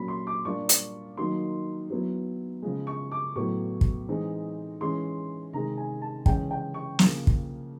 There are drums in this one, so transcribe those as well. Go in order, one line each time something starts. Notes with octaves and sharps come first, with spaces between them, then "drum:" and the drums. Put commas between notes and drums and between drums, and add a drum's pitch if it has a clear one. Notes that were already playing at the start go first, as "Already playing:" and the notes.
Already playing: A#2 F#3 A#3 C#4 B5
C6
D6
A#2 G3 A#3 D4 F4 C#6
drum: hi-hat
D#3 F#3 A#3 D#4 C6
F#3 B3 E4
C#3 F3 G#3
C#6
D6
A2 F#3 B3 E4 C#6
drum: kick
E3 G#3 C4 D#4
E3 G#3 C#4 E4 C6
C3 D#3 G#3 A#5
G#5
A5
C#3 E3 G#3 C#4 G5, drum: kick
G5
C#6
C#3 F3 A#3, drum: snare
drum: kick